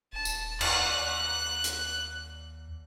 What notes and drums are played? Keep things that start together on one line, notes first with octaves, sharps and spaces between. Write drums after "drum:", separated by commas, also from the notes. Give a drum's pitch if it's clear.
D#1 A5
drum: tambourine
D#2 F#6, drum: cymbal
drum: hi-hat